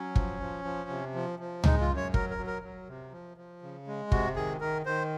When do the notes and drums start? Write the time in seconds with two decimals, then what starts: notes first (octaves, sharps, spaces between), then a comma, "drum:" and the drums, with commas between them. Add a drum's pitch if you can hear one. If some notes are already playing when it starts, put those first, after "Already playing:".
Already playing: F#3 C#4
0.16 F3, drum: kick
0.40 F3
0.65 F3
0.90 C3
1.15 F3
1.39 F3
1.64 G#3 D#4, drum: tom C#2
1.81 F4
1.89 F#2
1.96 C#5
2.14 F#3 A#4, drum: kick
2.31 A#4
2.38 F#3
2.47 A#4
2.63 F#3
2.88 C3
3.12 F3
3.37 F3
3.62 C#3
3.87 G#3
4.12 C3 F#4, drum: kick
4.36 D#3 G#4
4.61 D#3 A#4
4.86 D#3 C5